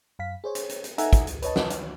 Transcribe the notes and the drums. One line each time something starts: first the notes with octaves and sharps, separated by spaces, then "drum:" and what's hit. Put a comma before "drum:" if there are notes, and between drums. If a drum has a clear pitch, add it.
F#2 F5 B6
G#4 C5 C#5
drum: hi-hat
drum: hi-hat
drum: hi-hat
D#4 A4 E5 F#5 G#5 A#5, drum: hi-hat
drum: kick, hi-hat
drum: hi-hat
B4 C#5 D#5 A5, drum: hi-hat
drum: snare
drum: hi-hat